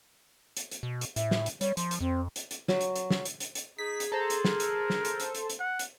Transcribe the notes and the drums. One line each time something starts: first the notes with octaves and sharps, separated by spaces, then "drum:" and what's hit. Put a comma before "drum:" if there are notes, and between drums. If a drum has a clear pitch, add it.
drum: hi-hat
drum: hi-hat
B2
drum: hi-hat
A2 E5, drum: hi-hat
drum: snare
drum: hi-hat
G3 C#5, drum: hi-hat
F3 C6, drum: hi-hat
drum: hi-hat
F2 C4
drum: hi-hat
drum: hi-hat
F#3, drum: snare
drum: hi-hat
drum: hi-hat
drum: snare
drum: hi-hat
drum: hi-hat
drum: hi-hat
D#4 G#4 B6
drum: hi-hat
A4 C5 A#5
drum: hi-hat
A#4, drum: snare
drum: hi-hat
drum: snare
drum: hi-hat
drum: hi-hat
drum: hi-hat
drum: hi-hat
F#5
drum: hi-hat